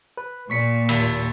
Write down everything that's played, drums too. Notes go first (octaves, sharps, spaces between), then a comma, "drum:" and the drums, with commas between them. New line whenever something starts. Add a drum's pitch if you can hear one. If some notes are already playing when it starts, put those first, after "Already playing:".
B4
A#2 C#6 B6 C#7
D#2 B5 E6, drum: cymbal